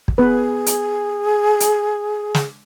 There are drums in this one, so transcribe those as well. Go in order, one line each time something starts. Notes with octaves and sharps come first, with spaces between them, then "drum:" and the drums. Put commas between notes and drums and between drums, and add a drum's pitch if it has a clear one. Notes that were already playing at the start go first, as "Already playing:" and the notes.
drum: kick
B3 G#4 B4
drum: hi-hat
drum: hi-hat
drum: snare